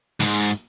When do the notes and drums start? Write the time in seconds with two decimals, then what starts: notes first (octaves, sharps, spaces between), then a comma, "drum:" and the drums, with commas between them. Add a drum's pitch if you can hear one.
0.20 G#2, drum: snare
0.49 drum: hi-hat